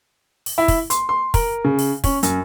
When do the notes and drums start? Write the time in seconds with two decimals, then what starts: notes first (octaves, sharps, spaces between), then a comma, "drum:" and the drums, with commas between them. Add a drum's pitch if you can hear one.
0.46 drum: open hi-hat
0.58 E4
0.68 drum: kick, open hi-hat
0.90 C6, drum: hi-hat
1.09 C6
1.34 A#4, drum: kick, open hi-hat
1.64 C#3
1.79 drum: open hi-hat
2.04 C#4, drum: kick, open hi-hat
2.23 F#2, drum: hi-hat